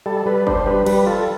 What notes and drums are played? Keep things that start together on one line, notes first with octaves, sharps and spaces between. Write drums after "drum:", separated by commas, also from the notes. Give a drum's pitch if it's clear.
G3 A4
G3 B4
D4 C5, drum: kick
G3 B4
G3 B4, drum: cymbal
F4 A4